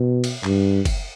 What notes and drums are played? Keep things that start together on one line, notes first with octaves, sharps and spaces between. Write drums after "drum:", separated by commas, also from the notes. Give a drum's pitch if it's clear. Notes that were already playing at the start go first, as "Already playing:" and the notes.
Already playing: B2
drum: cymbal
G2, drum: clap
drum: kick F#1, cymbal